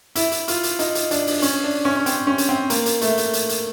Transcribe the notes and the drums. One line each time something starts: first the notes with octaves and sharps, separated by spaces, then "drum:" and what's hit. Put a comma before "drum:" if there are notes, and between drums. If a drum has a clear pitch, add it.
E4, drum: hi-hat
drum: hi-hat
F4, drum: hi-hat
drum: hi-hat
D#4, drum: hi-hat
drum: hi-hat
D4, drum: hi-hat
drum: open hi-hat
C#4, drum: hi-hat
D4
C#4
C#4
C4, drum: hi-hat
C#4
drum: hi-hat
C4
A#3, drum: hi-hat
drum: hi-hat
A3, drum: hi-hat
drum: hi-hat
drum: hi-hat
drum: hi-hat